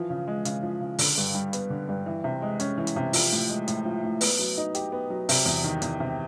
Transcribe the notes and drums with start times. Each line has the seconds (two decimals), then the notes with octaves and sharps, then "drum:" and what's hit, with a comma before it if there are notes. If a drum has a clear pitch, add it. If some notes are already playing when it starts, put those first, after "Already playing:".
Already playing: E3 F3
0.10 C#3
0.27 G#3
0.45 C#3, drum: hi-hat
0.63 F3
0.81 C#3
0.99 D3, drum: open hi-hat
1.18 G2
1.35 G3
1.53 B3, drum: hi-hat
1.70 D3
1.89 G2
2.06 E3
2.24 C3
2.42 G#3
2.60 C#4, drum: hi-hat
2.78 E3
2.87 drum: hi-hat
2.96 C3
3.13 F3, drum: open hi-hat
3.32 A2
3.49 G#3
3.68 A2, drum: hi-hat
3.85 F3
4.04 A2
4.21 B3, drum: open hi-hat
4.39 F#3
4.57 D#4
4.75 G4, drum: hi-hat
4.92 B3
5.10 F#3
5.29 C3, drum: open hi-hat
5.46 E2
5.64 D#3
5.82 E2, drum: hi-hat
6.00 C3